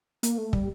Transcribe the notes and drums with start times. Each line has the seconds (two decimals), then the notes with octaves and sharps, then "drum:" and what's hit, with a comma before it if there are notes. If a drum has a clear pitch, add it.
0.23 A#3, drum: hi-hat
0.38 A3
0.53 G3, drum: kick